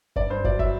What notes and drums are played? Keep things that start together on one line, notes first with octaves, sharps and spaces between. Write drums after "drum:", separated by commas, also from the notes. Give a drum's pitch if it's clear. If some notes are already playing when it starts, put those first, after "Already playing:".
G2 D5, drum: kick
G2 C5
F#3 D5, drum: kick
F#3 E5, drum: kick